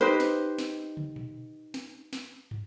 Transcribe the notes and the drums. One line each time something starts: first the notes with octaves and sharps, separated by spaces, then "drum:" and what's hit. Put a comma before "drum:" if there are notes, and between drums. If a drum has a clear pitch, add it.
D#4 G4 B4 C5
drum: snare
drum: snare
drum: tom
drum: tom A#2
drum: snare
drum: snare
drum: tom